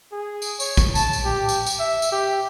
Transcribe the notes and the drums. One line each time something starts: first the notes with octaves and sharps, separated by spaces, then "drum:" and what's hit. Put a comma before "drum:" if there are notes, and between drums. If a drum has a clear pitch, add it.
G#4
drum: tambourine
C#5, drum: tambourine
drum: kick, tambourine
A5, drum: tambourine
drum: tambourine
G4
drum: tambourine
drum: tambourine
E5
drum: tambourine
G4